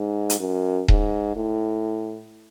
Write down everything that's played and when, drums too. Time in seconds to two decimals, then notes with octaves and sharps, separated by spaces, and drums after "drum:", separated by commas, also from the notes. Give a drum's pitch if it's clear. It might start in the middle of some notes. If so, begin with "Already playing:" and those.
Already playing: G#2
0.30 drum: hi-hat
0.39 F#2
0.88 G#2, drum: kick D#1
1.36 A2